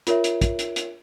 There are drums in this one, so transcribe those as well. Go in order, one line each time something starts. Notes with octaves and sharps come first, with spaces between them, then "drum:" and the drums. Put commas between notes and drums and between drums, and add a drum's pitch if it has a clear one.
F4 A#4 C#5 E5, drum: hi-hat
drum: hi-hat
drum: kick, hi-hat
drum: hi-hat
drum: hi-hat